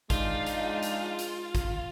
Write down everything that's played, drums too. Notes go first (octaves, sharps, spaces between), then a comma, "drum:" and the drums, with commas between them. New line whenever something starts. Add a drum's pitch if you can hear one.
F3 G#3 D4 D#4 F4, drum: kick G#1, hi-hat
drum: hi-hat
drum: hi-hat
drum: hi-hat
drum: kick G#1, hi-hat